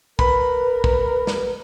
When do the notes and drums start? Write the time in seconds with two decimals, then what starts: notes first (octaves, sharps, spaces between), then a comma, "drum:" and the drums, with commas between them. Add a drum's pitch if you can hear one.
0.19 A#4 B4 B5, drum: kick
0.84 drum: kick
1.27 drum: snare